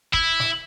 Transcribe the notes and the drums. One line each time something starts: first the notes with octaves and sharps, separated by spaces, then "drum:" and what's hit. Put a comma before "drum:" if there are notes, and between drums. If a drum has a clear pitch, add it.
E4, drum: kick
drum: snare